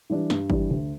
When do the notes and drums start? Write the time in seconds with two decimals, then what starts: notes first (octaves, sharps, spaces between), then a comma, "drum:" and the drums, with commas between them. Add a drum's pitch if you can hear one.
0.10 E3 G3 D4
0.30 G2, drum: snare
0.50 E3 G3 D4, drum: kick G1
0.70 D2